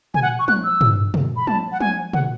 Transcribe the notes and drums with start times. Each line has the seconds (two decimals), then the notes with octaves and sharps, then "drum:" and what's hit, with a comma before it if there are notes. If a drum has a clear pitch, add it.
0.14 G#5, drum: tom A#2
0.22 F#5
0.39 C#6
0.48 F#6, drum: tom
0.64 E6
0.81 drum: tom
1.14 drum: tom
1.36 B5
1.47 A5, drum: tom
1.72 F#5
1.80 G#5, drum: tom
2.13 F#5, drum: tom